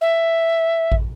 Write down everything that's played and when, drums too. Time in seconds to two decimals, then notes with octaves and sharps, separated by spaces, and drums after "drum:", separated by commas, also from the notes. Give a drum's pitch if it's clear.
0.01 E5
0.92 drum: kick A1